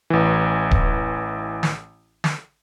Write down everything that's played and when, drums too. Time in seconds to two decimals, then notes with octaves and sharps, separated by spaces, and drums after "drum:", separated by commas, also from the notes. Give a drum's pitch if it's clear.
0.10 A1 E3
0.71 drum: kick D1
1.63 drum: snare
2.24 drum: snare